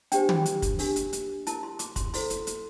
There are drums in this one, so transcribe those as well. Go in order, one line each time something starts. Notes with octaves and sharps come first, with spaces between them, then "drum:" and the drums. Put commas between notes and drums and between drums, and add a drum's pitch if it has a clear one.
D4 G4 C5 G5, drum: hi-hat
drum: tom
drum: hi-hat
drum: kick, hi-hat
D4 G4 A#4, drum: open hi-hat
drum: hi-hat
drum: hi-hat
E4 A#4 A5, drum: hi-hat
C6
D6, drum: hi-hat
C6, drum: kick, hi-hat
E4 A4 C5 C6, drum: open hi-hat
drum: hi-hat
drum: hi-hat